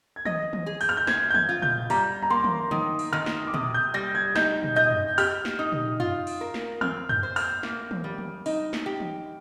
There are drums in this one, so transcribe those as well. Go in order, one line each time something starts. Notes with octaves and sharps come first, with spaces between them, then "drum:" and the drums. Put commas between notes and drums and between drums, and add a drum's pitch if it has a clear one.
G#6
D#5 A#6, drum: tom
drum: tom
G#4
G6, drum: open hi-hat
F6
G6
C5 G#6, drum: snare
G6
G#6, drum: tom
F4
G6, drum: tom A#2
G3 A#5, drum: open hi-hat
A#5
A#3 C6
drum: tom
D#3 D#6, drum: tom
drum: open hi-hat
D#3 F6
drum: snare
D6
C3 D#6, drum: tom A#2
G6
G3 A#6
G#6
D#4 G6, drum: snare
drum: tom A#2
D#5 G6
drum: tom
G4 F6, drum: open hi-hat
drum: snare
D#4 D#6
drum: tom A#2
F4, drum: tom
drum: open hi-hat
A#4
drum: snare
C4 F6, drum: tom
G6, drum: tom
C5
F6, drum: open hi-hat
A#3, drum: snare
drum: tom
G3
drum: tom
D#4, drum: open hi-hat
drum: snare
G4
drum: tom